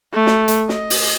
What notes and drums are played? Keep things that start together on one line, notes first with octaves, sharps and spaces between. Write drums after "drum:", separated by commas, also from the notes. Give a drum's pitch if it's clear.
A3
drum: snare
drum: hi-hat
D#5, drum: snare
drum: open hi-hat